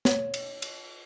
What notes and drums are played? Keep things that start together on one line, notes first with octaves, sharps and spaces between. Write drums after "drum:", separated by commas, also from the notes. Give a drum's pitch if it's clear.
C#5, drum: snare
drum: cymbal
drum: cymbal